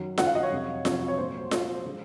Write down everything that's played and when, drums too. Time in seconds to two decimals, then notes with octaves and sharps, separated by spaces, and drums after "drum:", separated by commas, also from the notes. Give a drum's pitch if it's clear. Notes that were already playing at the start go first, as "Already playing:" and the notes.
Already playing: F#2 D#3 F#3
0.18 F#2 D#3 F#3 F#5, drum: snare F4
0.26 F5
0.35 D#5
0.43 C#5
0.52 F2 C3 F#3
0.85 F2 C3 F#3, drum: snare F4
1.08 C#5
1.18 A#2 F#3 C5
1.51 A#2 F#3, drum: snare F4
1.86 F3 G#3